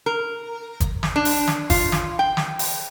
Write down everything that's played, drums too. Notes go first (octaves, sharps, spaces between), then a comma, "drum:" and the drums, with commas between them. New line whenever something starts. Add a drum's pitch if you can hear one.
A#4
drum: kick, hi-hat
drum: snare
D4
drum: open hi-hat
drum: snare
F4, drum: kick, open hi-hat
drum: snare
G5
drum: snare
drum: open hi-hat